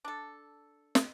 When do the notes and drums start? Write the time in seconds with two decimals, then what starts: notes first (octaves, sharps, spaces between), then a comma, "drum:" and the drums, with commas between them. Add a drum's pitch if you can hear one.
0.05 D4 A4
0.95 drum: snare